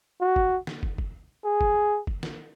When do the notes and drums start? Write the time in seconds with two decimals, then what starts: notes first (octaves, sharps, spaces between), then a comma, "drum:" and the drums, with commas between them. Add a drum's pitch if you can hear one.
0.21 F#4
0.36 drum: kick
0.67 drum: snare
0.83 drum: kick
0.98 drum: kick
1.44 G#4
1.61 drum: kick
2.07 drum: kick
2.23 drum: snare